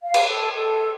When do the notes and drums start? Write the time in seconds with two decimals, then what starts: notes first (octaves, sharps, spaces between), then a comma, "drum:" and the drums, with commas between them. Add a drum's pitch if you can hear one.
0.01 F5
0.14 drum: cymbal
0.28 A4
0.56 A4